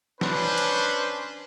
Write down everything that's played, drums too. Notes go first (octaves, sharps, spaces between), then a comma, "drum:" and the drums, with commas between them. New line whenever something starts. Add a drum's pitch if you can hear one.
C#4 D4 B4 C5, drum: snare
drum: cymbal